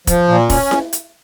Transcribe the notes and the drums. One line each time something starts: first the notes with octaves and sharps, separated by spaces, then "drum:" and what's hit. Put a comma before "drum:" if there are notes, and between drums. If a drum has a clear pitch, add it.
F3, drum: kick, hi-hat
A#2
C#4, drum: kick, open hi-hat
drum: snare E4
drum: hi-hat